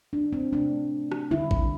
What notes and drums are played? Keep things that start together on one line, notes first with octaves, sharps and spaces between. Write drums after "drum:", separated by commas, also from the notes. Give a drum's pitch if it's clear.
D4
C4
C3 A3 D4
drum: rim click
D3 G3 E4
drum: kick A1